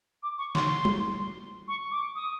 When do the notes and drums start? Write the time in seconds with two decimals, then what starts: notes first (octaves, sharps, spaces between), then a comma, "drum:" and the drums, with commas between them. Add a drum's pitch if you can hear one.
0.23 D6
0.38 C#6
0.55 C6, drum: snare
0.85 drum: tom G3
1.68 C#6
1.91 D6
2.15 D#6